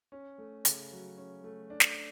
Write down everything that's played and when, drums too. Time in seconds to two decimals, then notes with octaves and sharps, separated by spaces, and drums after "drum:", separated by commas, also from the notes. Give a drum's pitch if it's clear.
0.12 C#4
0.38 A3
0.65 C#3, drum: hi-hat
0.92 F#3
1.18 C#4
1.44 A3
1.70 D4
1.80 drum: snare